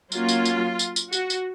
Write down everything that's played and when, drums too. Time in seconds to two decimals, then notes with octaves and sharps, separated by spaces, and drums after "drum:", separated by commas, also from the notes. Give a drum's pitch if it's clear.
0.12 F#3 A#3 C#4 F4, drum: tambourine
0.29 drum: tambourine
0.45 drum: tambourine
0.79 drum: tambourine
0.96 drum: tambourine
1.12 F#4, drum: tambourine
1.30 drum: tambourine